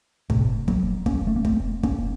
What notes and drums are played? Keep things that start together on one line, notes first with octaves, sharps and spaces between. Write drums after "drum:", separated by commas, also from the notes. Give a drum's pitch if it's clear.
A2 C3, drum: kick
F#3 A#3, drum: kick
A#3 C#4, drum: kick
A3
A#3
A3 C4, drum: kick
A#3 C#4, drum: kick